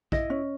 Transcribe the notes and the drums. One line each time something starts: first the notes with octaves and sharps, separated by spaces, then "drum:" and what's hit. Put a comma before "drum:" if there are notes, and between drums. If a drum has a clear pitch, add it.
E4 D#5, drum: kick
C#4